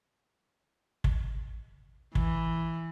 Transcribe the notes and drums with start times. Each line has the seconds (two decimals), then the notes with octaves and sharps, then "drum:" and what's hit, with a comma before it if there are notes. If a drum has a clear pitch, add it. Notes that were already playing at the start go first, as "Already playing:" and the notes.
1.04 drum: kick
2.15 E3, drum: kick